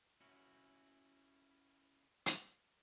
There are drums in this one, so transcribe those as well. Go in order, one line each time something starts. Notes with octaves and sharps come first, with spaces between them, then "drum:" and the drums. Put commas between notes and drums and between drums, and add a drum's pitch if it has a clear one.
C#4 E4 F#4
drum: hi-hat